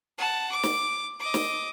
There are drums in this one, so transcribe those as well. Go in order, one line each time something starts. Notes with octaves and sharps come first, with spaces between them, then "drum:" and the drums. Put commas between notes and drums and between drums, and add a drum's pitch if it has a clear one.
F#5 A5
D6
drum: snare
D#5 D6
drum: snare